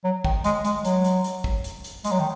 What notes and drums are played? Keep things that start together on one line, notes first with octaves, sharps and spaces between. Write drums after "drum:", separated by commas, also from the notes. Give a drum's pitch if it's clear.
F#3
D#3, drum: kick
G#3, drum: hi-hat
G#3, drum: hi-hat
F#3, drum: hi-hat
drum: hi-hat
drum: hi-hat
drum: kick
drum: hi-hat
drum: hi-hat
G#3, drum: hi-hat
F#3
D#3